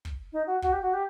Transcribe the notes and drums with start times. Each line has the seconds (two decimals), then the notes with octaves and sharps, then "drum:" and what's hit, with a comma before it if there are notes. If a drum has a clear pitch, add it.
0.05 drum: kick
0.33 D#4
0.47 F#4
0.62 F#4, drum: kick
0.73 G4
0.82 F#4
0.93 G4